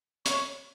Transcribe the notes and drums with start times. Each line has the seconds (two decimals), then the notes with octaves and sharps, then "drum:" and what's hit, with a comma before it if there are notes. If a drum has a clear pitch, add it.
0.26 C#5, drum: hi-hat